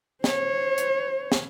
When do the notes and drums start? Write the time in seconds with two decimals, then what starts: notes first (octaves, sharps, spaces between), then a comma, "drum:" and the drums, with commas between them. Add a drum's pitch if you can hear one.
0.24 C5 C#5, drum: snare
0.78 drum: hi-hat
1.32 drum: snare